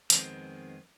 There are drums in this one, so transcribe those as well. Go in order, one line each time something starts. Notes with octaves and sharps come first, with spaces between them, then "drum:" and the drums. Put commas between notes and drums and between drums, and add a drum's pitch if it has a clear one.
F2 D#3 G#3 B3 C4, drum: hi-hat